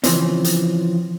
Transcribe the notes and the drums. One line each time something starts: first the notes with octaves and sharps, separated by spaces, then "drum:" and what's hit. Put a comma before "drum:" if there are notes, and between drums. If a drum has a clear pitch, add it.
C#3 E3 F3 C4 C#4, drum: hi-hat
drum: hi-hat